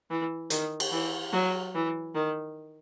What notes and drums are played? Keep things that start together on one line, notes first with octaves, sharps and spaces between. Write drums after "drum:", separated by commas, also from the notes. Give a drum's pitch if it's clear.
E3
D#3, drum: hi-hat
drum: cymbal
E3
F#3
E3
D#3